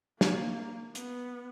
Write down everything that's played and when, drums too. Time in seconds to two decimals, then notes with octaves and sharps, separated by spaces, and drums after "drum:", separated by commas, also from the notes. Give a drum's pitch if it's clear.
0.21 A#3, drum: snare
0.95 B3, drum: hi-hat